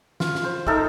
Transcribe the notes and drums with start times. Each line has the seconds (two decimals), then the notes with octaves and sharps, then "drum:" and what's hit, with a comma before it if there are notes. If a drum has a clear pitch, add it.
0.20 F4, drum: snare
0.35 drum: snare
0.44 C5
0.67 D#4 A4 A#4 E5, drum: kick